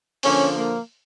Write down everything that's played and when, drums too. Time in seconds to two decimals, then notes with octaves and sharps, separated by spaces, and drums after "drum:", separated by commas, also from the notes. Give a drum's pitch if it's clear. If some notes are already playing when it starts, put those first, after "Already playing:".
0.23 D3 F3 A#3 C#4, drum: open hi-hat
0.56 A#3